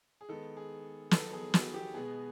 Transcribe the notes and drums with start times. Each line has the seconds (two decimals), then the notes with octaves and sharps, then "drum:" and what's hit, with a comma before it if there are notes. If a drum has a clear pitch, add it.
0.21 G#4
0.29 D#3 G#3 B3 A4
0.57 G#4
1.11 D#3 F#3 B3 A4, drum: snare
1.33 G#4
1.54 F#4, drum: snare
1.74 G4
1.94 B2 G#3 B3 G#4